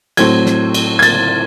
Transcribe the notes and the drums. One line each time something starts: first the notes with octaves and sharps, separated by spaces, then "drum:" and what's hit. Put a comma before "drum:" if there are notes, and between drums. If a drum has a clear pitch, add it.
A2 F#3 A3 C4 G#6, drum: cymbal
drum: snare
drum: cymbal
G#6
A6, drum: cymbal